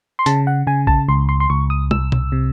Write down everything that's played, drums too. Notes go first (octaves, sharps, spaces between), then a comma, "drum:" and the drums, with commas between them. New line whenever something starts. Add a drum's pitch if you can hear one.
C6
C#3 A5, drum: hi-hat
F#5
C#3 G#5
A5, drum: kick A#1
C#2 C6
C6
C6
C#2 C#6
D#6
C2 E6, drum: tom
drum: tom
C3